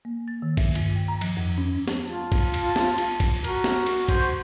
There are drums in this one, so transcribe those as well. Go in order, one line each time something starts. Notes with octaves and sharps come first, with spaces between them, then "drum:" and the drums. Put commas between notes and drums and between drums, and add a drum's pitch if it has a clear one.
A#3
A6
D#3
E5, drum: kick, cymbal
G2, drum: cymbal
G5
A#5
F3, drum: cymbal
F2
C#4
drum: snare
F4 A5
drum: kick, cymbal
drum: cymbal
drum: snare
drum: cymbal
drum: kick, cymbal
F#4 A#4, drum: cymbal
drum: snare
drum: cymbal
C5, drum: kick, cymbal